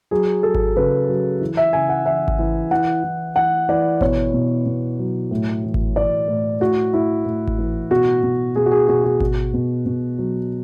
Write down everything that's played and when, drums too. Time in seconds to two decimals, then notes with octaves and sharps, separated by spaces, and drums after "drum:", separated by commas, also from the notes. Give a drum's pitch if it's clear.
0.11 F#3 G#4
0.43 F#3 A4
0.55 drum: kick G#1
0.76 C#3 B4
1.09 F#3
1.41 E3
1.57 E5
1.73 C#3 G#5
1.89 F#5
2.06 E3 E5
2.28 drum: kick G#1
2.39 E3
2.71 E3 F#5
3.04 E3
3.36 E3 F#5
3.69 E3 D5
4.01 B2 C#5, drum: kick G#1
4.33 B2
4.66 B2
4.99 F#3
5.31 A2
5.64 E3
5.74 drum: kick G#1
5.96 E3 D5
6.28 A2
6.60 A2 F#4
6.94 A2 E4
7.25 A2
7.47 drum: kick G#1
7.59 E3
7.91 B2 F#4
8.23 B2
8.56 B2 G#4
8.66 F#4
8.71 G#4
8.88 B2 F#4
9.04 F#4
9.20 B2, drum: kick G#1
9.53 B2
9.86 B2
10.19 F#3